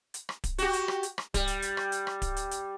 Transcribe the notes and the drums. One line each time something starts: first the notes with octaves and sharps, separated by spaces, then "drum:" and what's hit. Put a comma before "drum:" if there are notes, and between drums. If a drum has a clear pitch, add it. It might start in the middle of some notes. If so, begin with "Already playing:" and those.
drum: hi-hat
drum: rim click
drum: kick D1, hi-hat
F#4 G4, drum: hi-hat
drum: hi-hat
drum: rim click
drum: hi-hat
drum: rim click
G3, drum: kick D1, hi-hat
drum: hi-hat
drum: hi-hat
drum: rim click
drum: hi-hat
drum: rim click
drum: kick D1, hi-hat
drum: hi-hat
drum: hi-hat